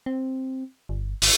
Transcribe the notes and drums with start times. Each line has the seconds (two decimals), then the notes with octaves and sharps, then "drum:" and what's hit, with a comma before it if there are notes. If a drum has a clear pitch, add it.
0.06 C4
0.89 G1
1.22 G#1, drum: open hi-hat